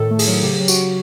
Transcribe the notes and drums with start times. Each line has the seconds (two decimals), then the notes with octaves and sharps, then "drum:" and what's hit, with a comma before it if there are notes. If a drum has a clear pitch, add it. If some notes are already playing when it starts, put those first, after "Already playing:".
Already playing: A2 D#3 A4
0.11 A3
0.19 G#4, drum: open hi-hat
0.27 F#3
0.43 C#3 G4
0.60 F#3
0.68 F#4, drum: tambourine